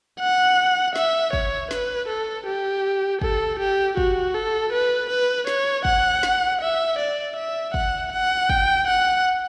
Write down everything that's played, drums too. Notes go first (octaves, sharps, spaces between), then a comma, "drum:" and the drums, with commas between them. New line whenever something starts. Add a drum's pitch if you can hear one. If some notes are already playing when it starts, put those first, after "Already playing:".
F#5
E5, drum: snare
C#5, drum: kick
B4, drum: snare
A4
G4
A4, drum: kick
G4
F#4, drum: kick
A4
B4
B4
C#5, drum: snare
F#5, drum: kick
drum: snare
E5
D5
E5
F#5, drum: kick
F#5
G5, drum: kick
F#5